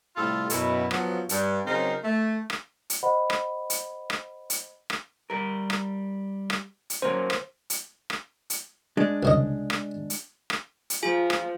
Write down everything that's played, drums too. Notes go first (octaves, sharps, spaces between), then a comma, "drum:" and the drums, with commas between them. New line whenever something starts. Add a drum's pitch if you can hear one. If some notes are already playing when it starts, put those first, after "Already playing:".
A2 C3 G3 F4 A4
F#2 B2 E4, drum: hi-hat
F3 F#3 B3, drum: rim click
G2, drum: hi-hat
C#3 F#3 C4 D#4 A#4 C5
A3
drum: rim click
drum: hi-hat
C5 D#5 F#5 B5
drum: rim click
drum: hi-hat
drum: rim click
drum: hi-hat
drum: rim click
G3 A#4
drum: rim click
drum: rim click
drum: hi-hat
F#3 A#3 C#4 C5
drum: rim click
drum: hi-hat
drum: rim click
drum: hi-hat
G#3 D4
C2 C#3 D#5
drum: rim click
drum: hi-hat
drum: rim click
drum: hi-hat
F3 F4 G#4 G#5
drum: rim click